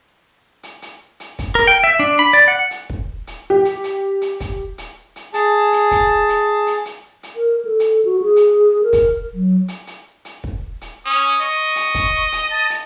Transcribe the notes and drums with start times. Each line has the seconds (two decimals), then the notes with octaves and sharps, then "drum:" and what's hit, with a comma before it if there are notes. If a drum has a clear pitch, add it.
0.63 drum: hi-hat
0.82 drum: hi-hat
1.20 drum: hi-hat
1.39 drum: kick, hi-hat
1.55 A#4
1.67 G5
1.84 E5
1.99 D4
2.19 B5
2.33 D5, drum: hi-hat
2.48 F#5
2.71 drum: hi-hat
2.90 drum: kick
3.27 drum: hi-hat
3.50 G4
3.65 drum: hi-hat
3.84 drum: hi-hat
4.22 drum: hi-hat
4.40 drum: kick, hi-hat
4.78 drum: hi-hat
5.16 drum: hi-hat
5.34 G#4 A5, drum: hi-hat
5.72 drum: hi-hat
5.91 drum: kick, hi-hat
6.29 drum: hi-hat
6.67 drum: hi-hat
6.85 drum: hi-hat
7.23 drum: hi-hat
7.36 A#4
7.65 A4
7.80 drum: hi-hat
8.05 F#4
8.22 G#4
8.36 drum: hi-hat
8.83 A#4
8.93 drum: kick, hi-hat
9.34 F#3
9.68 drum: hi-hat
9.87 drum: hi-hat
10.25 drum: hi-hat
10.44 drum: kick
10.81 drum: hi-hat
11.06 C#4 D#6
11.41 D#5 C#6
11.76 drum: hi-hat
11.95 drum: kick, hi-hat
12.32 drum: hi-hat
12.51 A5
12.70 drum: hi-hat